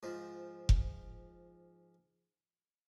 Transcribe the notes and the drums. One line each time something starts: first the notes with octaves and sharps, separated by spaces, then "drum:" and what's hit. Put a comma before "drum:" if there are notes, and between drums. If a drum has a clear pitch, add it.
G#2 F3
drum: kick F1